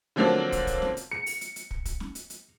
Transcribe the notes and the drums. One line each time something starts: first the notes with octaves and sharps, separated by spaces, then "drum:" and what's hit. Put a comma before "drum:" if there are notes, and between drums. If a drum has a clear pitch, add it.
D3 F3 F#3 A#3 C4 D4
drum: kick, hi-hat
drum: kick, hi-hat
drum: snare
drum: hi-hat
C#7
drum: open hi-hat
drum: hi-hat
drum: hi-hat
drum: kick
drum: kick, hi-hat
drum: snare
drum: hi-hat
drum: hi-hat